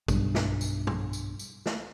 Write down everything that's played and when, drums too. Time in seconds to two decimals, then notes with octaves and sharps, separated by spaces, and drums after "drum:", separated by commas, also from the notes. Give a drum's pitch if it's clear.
0.08 B1 G2, drum: kick, tambourine
0.35 drum: snare
0.61 drum: tambourine
0.87 drum: tom
1.13 drum: tambourine
1.39 drum: tambourine
1.66 drum: snare